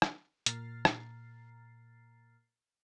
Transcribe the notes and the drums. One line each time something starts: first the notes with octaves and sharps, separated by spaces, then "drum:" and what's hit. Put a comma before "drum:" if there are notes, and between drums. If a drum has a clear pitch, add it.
drum: rim click
A#2 A#5 F6 A6 C7, drum: hi-hat
drum: rim click